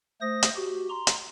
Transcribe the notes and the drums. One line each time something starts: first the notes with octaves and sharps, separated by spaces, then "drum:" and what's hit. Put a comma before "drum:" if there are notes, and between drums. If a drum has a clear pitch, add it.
A3 C5 D#6 A#6
drum: hi-hat
F#4 G4
A#5 C6
drum: hi-hat